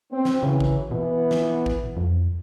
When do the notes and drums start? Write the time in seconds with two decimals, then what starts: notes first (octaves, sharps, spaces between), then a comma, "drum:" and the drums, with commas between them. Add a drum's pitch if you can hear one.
0.11 C4
0.25 drum: snare
0.43 C#3 E3 F#3
0.60 drum: kick A1
0.91 B2 E3 B3
1.31 drum: snare
1.66 drum: kick A1
1.97 F2